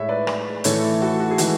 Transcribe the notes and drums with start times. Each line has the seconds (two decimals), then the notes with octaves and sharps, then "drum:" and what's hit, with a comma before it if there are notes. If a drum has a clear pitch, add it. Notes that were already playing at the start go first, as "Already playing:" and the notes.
Already playing: A2 G#3 C#5 E5
0.09 B4 D5
0.27 drum: rim click
0.64 A2 E3 A3 A4 C#5, drum: hi-hat
1.02 F#4 A4
1.20 F#4
1.31 G#4
1.38 E3 G#3 F#4, drum: hi-hat